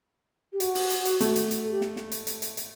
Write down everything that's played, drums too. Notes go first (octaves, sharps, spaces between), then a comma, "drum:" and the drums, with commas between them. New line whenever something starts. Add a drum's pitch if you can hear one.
G4
F#4, drum: hi-hat
drum: open hi-hat
drum: hi-hat
drum: hi-hat
A3, drum: hi-hat
drum: hi-hat
drum: hi-hat
A4
G4
drum: snare
drum: snare
drum: hi-hat
drum: hi-hat
drum: hi-hat
drum: hi-hat